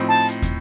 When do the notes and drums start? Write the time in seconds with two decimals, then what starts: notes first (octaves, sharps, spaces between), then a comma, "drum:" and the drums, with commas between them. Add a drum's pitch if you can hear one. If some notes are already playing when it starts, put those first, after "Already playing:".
Already playing: A2 F3 C4 D#4
0.08 A5
0.29 drum: hi-hat
0.42 drum: kick, hi-hat